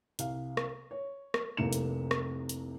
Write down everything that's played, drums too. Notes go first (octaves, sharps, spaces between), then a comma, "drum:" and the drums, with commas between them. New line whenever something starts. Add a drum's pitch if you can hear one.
C2 F5, drum: hi-hat
drum: rim click
C#5
drum: rim click
F1 C2 C3 A#3 C#7 E7
drum: hi-hat
drum: rim click
drum: hi-hat